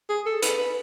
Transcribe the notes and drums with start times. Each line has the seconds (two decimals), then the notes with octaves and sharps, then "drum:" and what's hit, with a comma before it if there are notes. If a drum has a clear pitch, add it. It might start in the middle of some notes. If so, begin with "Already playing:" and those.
0.09 G#4
0.26 A4
0.42 B4, drum: hi-hat
0.59 B4